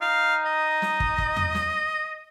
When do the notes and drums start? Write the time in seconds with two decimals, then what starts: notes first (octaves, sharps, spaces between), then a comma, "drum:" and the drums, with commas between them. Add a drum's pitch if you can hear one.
0.01 D#4 F5
0.46 D#5
0.82 drum: snare
1.00 drum: kick
1.18 drum: kick
1.36 drum: tom E2
1.55 drum: snare